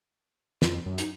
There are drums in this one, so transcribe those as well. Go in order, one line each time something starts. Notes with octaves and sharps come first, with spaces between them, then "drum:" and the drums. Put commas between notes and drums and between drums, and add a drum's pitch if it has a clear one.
F2 F4, drum: snare
F#2
D#4, drum: hi-hat